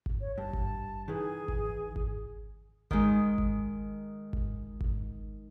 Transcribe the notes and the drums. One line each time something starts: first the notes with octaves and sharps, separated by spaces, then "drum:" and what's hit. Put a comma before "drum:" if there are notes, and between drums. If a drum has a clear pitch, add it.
drum: kick G#1
C#5
G2 A5
drum: kick G#1
D#3 E3 G#4
drum: kick G#1
drum: kick G#1
D#3 G#3, drum: kick G#1
drum: kick G#1
drum: kick G#1
drum: kick G#1